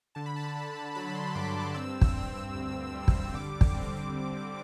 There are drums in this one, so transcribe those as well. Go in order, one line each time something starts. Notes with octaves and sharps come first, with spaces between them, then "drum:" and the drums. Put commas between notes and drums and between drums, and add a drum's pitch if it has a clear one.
D3 A5
B5
A5
D3
F#3 B5
C6
G2 D6
B5
C4 E6
drum: kick
C4
D2
G3
drum: kick
D3 D6
drum: kick
C4